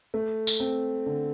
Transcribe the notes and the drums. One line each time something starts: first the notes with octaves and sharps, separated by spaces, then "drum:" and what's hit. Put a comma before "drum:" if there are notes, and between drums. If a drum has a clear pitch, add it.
A3
drum: tambourine
C4
D3